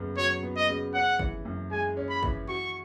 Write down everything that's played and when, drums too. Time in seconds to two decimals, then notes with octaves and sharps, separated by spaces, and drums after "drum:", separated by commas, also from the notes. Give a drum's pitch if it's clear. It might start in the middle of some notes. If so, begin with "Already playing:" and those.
Already playing: F#2 C#3 B3
0.17 F#3 C#5
0.43 B3
0.56 D#5
0.68 C#3
0.94 C#4 F#5
1.19 E3, drum: kick
1.45 F#2
1.71 G#3 G#5
1.97 C#4
2.09 B5
2.23 E3, drum: kick
2.48 F#4 C#6